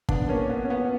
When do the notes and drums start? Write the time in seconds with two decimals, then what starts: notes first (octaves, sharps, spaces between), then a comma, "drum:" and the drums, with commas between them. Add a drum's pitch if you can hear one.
0.09 B3 D4, drum: kick
0.29 A#3 C#4
0.49 B3
0.65 C#4
0.70 B3